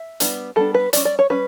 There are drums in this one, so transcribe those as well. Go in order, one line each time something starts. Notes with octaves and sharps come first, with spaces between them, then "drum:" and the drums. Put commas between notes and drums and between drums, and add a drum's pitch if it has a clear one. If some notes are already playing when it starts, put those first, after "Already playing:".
Already playing: E5
G3 B3 D4, drum: hi-hat
G3 B3 D4 A4
B4
G3 C#4 D5, drum: hi-hat
D5
C#5
G3 C#4 B4